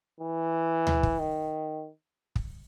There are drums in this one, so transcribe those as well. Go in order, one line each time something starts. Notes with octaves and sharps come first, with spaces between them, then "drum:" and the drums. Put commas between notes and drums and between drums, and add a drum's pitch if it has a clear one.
E3
drum: tom D2
drum: kick
D#3
drum: kick